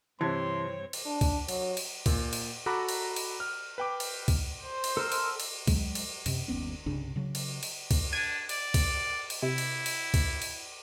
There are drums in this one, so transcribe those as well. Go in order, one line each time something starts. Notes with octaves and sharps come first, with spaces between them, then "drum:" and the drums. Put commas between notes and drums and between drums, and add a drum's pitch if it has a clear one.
G2 C3 E3 C4 C#5 A5 C6 G#6
drum: cymbal
D4
drum: kick C#2, cymbal
F#3, drum: cymbal
drum: cymbal
A#2, drum: kick C#2, cymbal
drum: cymbal
F#4 A4 A#5 B5 D6 F#6
drum: cymbal
drum: cymbal
F6
B4 G5 D6
drum: cymbal
drum: kick C#2, cymbal
C5
drum: cymbal
A4 A#4 C6 E6
drum: cymbal
drum: cymbal
F#3 G#3, drum: kick C#2, cymbal
drum: cymbal
F#2 C3, drum: cymbal
G1 D#2 B3 C#4
C2 G2 C#3 D4
C#3 F#3
drum: cymbal
drum: cymbal
drum: kick C#2, cymbal
D4 G#6 D#7
D5, drum: cymbal
drum: kick C#2, cymbal
drum: cymbal
C3 E4
drum: cymbal
drum: cymbal
drum: kick C#2, cymbal
drum: cymbal